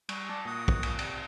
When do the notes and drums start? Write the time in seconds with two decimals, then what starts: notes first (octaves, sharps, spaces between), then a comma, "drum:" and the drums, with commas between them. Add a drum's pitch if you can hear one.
0.09 G3 C#6, drum: cymbal
0.29 D5 A5
0.45 A#2 F#4 D#6
0.68 drum: kick
0.83 drum: cymbal
0.99 C3 D5, drum: cymbal